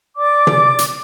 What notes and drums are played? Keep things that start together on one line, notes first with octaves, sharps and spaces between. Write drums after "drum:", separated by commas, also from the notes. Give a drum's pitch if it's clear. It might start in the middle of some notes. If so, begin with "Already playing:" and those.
D5 D6
drum: tom
drum: hi-hat